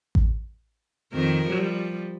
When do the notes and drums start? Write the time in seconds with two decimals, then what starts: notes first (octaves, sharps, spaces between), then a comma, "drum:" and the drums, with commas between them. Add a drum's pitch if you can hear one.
0.15 drum: kick A1
1.13 F2 D#3 A#4
1.48 F3 G3